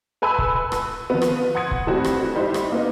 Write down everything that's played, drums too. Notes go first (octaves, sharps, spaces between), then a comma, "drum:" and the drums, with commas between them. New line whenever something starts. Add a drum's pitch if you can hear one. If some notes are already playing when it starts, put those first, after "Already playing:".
A4 B4 G#5 B5 C6 E6
drum: kick
drum: rim click
F3 B3
drum: rim click
F#5 C6 D#6 G#6 C#7
drum: kick
G2 E3 G3 A3 C4 F#4
drum: rim click
G3 D#4 E4 C5
drum: rim click
A#3 B3 D#4